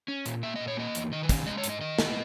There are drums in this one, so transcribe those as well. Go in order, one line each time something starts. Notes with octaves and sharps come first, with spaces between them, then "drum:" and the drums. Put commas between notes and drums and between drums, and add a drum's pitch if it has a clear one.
C#4
A#2, drum: hi-hat
A#3 E5
A#2 D#5
C#5
A#3 D#5
E2, drum: hi-hat
D#3 D#5
B4
C#4, drum: kick, hi-hat
G#3 D#5
C#5
G#2, drum: hi-hat
D#5
D#3 D#5
B3, drum: snare